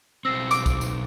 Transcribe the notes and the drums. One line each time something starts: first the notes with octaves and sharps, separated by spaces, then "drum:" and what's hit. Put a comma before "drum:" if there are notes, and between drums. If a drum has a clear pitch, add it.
B1 C4 E6 A#6 C7
D6, drum: tambourine
drum: kick, tambourine
drum: tambourine